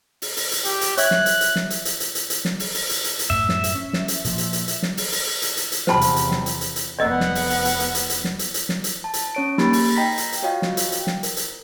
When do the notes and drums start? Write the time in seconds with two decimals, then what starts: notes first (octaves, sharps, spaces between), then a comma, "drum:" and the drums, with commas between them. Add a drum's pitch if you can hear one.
0.22 drum: open hi-hat
0.37 drum: open hi-hat
0.52 drum: hi-hat
0.65 G4, drum: hi-hat
0.81 drum: hi-hat
0.98 C#5 E5 F#6 G#6, drum: hi-hat
1.11 drum: snare
1.26 drum: hi-hat
1.41 drum: hi-hat
1.56 drum: snare
1.70 drum: hi-hat
1.85 drum: hi-hat
2.00 drum: hi-hat
2.15 drum: hi-hat
2.30 drum: hi-hat
2.45 drum: snare
2.60 drum: open hi-hat
2.74 drum: open hi-hat
2.89 drum: hi-hat
3.04 drum: hi-hat
3.19 drum: hi-hat
3.30 F#2 A2 E5
3.49 drum: snare
3.64 drum: hi-hat
3.75 C#4
3.93 drum: snare
4.08 drum: hi-hat
4.25 A#2 F3, drum: hi-hat
4.38 drum: hi-hat
4.53 drum: hi-hat
4.68 drum: hi-hat
4.83 drum: snare
4.97 drum: open hi-hat
5.12 drum: open hi-hat
5.42 drum: hi-hat
5.57 drum: hi-hat
5.72 drum: hi-hat
5.87 E2 C3 F4 G4 C5 A5 B5, drum: snare
6.01 drum: hi-hat
6.16 drum: hi-hat
6.31 drum: snare
6.46 drum: hi-hat
6.61 drum: hi-hat
6.76 drum: hi-hat
6.99 F1 B3 D5 D#5 F#5 E6
7.20 drum: snare
7.35 drum: open hi-hat
7.50 drum: open hi-hat
7.65 drum: hi-hat
7.80 drum: hi-hat
7.95 drum: hi-hat
8.10 drum: hi-hat
8.24 drum: snare
8.39 drum: hi-hat
8.54 drum: hi-hat
8.69 drum: snare
8.84 drum: hi-hat
9.04 A5
9.14 drum: hi-hat
9.35 C#4 C#5 D7
9.58 A#3 D#4 G4 A#4 B5 A6, drum: snare
9.73 drum: open hi-hat
9.96 D#5 G5 A#5 A#6 B6
10.18 drum: hi-hat
10.32 drum: hi-hat
10.42 F4 F#4 C#5 D#5 F5 G5
10.62 drum: snare
10.77 drum: hi-hat
10.92 drum: hi-hat
11.07 drum: snare
11.23 A#4, drum: hi-hat
11.36 drum: hi-hat